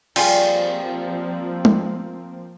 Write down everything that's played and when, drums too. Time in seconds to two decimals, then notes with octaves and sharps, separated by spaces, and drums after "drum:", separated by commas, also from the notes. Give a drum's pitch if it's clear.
0.16 F3 G3 A#3 C4 F4 G#4 F5, drum: cymbal
1.65 drum: tom G#3